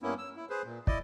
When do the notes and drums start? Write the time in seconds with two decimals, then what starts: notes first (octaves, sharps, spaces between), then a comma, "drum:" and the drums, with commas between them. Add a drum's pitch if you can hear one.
0.03 G2 A#3 B3 C#4 E4
0.18 E6
0.36 E4
0.50 G#4 B4 C5
0.65 A#2
0.87 E4 D5 D#5, drum: kick